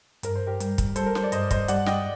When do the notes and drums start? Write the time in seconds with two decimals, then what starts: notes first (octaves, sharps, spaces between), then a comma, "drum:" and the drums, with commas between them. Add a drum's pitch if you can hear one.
0.23 G2 A#4, drum: hi-hat
0.35 C5
0.47 G4 A#4
0.60 G3, drum: hi-hat
0.78 drum: kick, hi-hat
0.96 G3 A4 C5, drum: hi-hat
1.06 A#4
1.15 C5, drum: snare
1.23 D5
1.32 G2 C5 D#5, drum: hi-hat
1.51 C5 D#5, drum: kick, hi-hat
1.68 G3 D5 F#5, drum: hi-hat
1.86 D#5 G5, drum: snare